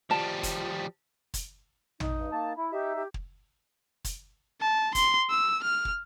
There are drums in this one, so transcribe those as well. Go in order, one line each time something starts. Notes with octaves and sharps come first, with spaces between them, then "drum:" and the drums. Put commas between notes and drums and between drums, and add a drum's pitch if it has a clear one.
F3 G3 A5
drum: kick, hi-hat
drum: kick, hi-hat
D#4, drum: tom
G2
A#3 A5
E4
D#4 G4 E5
G4
drum: kick
drum: kick, hi-hat
A5
C6, drum: kick, hi-hat
E6
F6
drum: kick